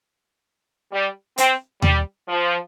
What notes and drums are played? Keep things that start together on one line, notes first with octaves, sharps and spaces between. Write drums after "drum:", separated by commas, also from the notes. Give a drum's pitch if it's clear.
G3
C4, drum: hi-hat
G3, drum: tom D#2
F3